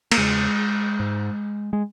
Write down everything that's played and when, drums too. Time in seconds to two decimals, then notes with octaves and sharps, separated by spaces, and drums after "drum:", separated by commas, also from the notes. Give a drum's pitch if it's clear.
0.11 A#3, drum: cymbal
0.17 E2 C#3 G#3
1.00 G#2
1.73 G#3